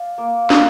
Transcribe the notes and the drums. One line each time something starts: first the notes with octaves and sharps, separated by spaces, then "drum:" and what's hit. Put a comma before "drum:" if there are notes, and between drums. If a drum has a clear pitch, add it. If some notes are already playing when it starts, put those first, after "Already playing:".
Already playing: D5 F5
A#3
A#3, drum: snare